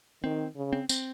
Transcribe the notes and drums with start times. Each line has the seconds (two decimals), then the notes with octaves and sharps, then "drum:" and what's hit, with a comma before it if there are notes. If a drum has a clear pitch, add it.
0.23 D#3 C4
0.56 C#3
0.73 C4
0.89 C4, drum: tambourine